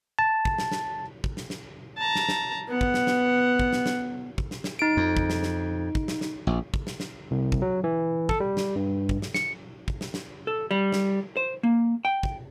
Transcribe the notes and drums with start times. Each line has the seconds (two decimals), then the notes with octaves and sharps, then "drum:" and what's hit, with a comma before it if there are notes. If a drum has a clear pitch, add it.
0.19 A5
0.45 drum: kick
0.58 drum: snare
0.72 drum: snare
1.24 drum: kick
1.37 drum: snare
1.50 drum: snare
1.98 A5 A#5
2.16 drum: snare
2.29 drum: snare
2.68 B3 F#5
2.81 drum: kick
2.94 drum: snare
3.07 drum: snare
3.59 drum: kick
3.73 drum: snare
3.86 drum: snare
4.38 drum: kick
4.51 drum: snare
4.64 drum: snare
4.79 D#4 D7
4.97 F2
5.17 drum: kick
5.30 drum: snare
5.43 drum: snare
5.95 drum: kick
6.08 drum: snare
6.21 drum: snare
6.47 A#1
6.74 drum: kick
6.87 drum: snare
7.00 drum: snare
7.31 C2
7.52 drum: kick
7.62 F#3
7.84 E3
8.29 A4, drum: kick
8.40 G3
8.57 drum: snare
8.76 G2
9.09 drum: kick
9.22 drum: snare
9.34 C#7, drum: snare
9.88 drum: kick
10.01 drum: snare
10.14 drum: snare
10.47 A4
10.71 G3
10.92 drum: snare
11.37 C5
11.63 A#3
12.05 G5
12.23 drum: kick